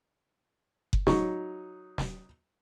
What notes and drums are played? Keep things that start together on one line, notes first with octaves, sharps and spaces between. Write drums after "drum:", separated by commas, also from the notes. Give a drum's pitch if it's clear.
drum: kick F#1
F#3 D#4 C#6, drum: snare
drum: snare